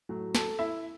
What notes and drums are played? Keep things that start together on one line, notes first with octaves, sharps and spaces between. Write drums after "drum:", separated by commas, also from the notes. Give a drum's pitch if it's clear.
A2 F#3 A3
A4 A5, drum: snare
E4 E5